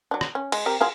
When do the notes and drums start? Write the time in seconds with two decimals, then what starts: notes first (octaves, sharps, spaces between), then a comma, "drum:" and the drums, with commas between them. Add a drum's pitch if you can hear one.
0.11 F#3 D4
0.21 drum: rim click
0.35 C#4
0.52 G#3, drum: cymbal
0.66 C4 G4 A#4
0.81 F#3 F4 G#4